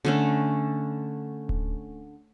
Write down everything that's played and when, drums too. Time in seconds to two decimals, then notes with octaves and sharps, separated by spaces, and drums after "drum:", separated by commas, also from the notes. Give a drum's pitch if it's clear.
0.05 D3 A3 C#4
1.49 drum: kick D1